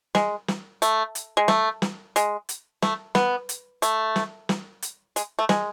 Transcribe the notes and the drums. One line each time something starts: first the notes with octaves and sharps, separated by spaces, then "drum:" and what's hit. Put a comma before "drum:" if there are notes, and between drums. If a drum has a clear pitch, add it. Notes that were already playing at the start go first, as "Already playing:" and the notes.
G#3, drum: snare
drum: snare
A3, drum: hi-hat
drum: hi-hat
G#3
A3, drum: snare
drum: snare
G#3, drum: hi-hat
drum: hi-hat
A3, drum: snare
B3, drum: snare
drum: hi-hat
A3, drum: hi-hat
drum: snare
drum: snare
drum: hi-hat
G#3, drum: hi-hat
A3
G#3, drum: snare